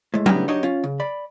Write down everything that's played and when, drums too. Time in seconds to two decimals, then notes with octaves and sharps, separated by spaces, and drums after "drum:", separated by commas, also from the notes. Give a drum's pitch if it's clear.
0.14 A2 G#3
0.26 C#2 A2 B3 D4 G4 A#5, drum: tom F#3
0.48 D4 D#4 F#4 G4 C#5 D#5
0.63 C#4 F4
0.84 C#3
1.00 D5 B5